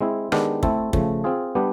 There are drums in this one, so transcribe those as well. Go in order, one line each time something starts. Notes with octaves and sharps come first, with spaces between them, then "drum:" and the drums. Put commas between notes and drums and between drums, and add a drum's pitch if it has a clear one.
G#3 C4 E4
D#3 G#3 B3 D4 G4, drum: rim click
A3 C4 E4 A4, drum: kick
C#3 F3 A3, drum: kick
C4 F4 G#4
G3 B3 D4 G4